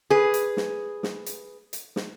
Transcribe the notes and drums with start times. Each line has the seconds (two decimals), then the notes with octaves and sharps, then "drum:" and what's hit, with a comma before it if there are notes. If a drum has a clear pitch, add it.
0.10 G#4 B4
0.34 drum: hi-hat
0.57 drum: snare
1.03 drum: snare
1.26 drum: hi-hat
1.73 drum: hi-hat
1.96 drum: snare